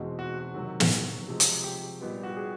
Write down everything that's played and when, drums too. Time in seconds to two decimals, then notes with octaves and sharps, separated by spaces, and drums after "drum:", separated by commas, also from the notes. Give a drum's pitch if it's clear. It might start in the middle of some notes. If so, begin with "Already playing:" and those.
Already playing: E2 B2 G#3 C4 D#4
0.19 F#4
0.39 F#4
0.54 C3 D#3 F#3
0.80 drum: snare
1.28 C3 F3 G#3
1.40 drum: hi-hat
1.64 G4
2.01 A#2 G3 B3 D#4
2.23 F#4
2.29 G4
2.36 G#4